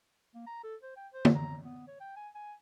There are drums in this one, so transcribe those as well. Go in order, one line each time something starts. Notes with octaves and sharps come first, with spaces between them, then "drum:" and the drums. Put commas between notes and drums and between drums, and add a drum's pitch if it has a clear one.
A#3
A#5
A4
C5
G5
C5
drum: tom
A#5
B3
C#5
G5
G#5
G#5